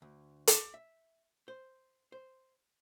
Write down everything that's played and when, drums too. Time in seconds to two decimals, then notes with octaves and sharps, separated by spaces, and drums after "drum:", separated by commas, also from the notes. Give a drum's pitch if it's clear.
0.02 D2
0.47 drum: hi-hat
0.74 E5
1.48 C5
2.12 C5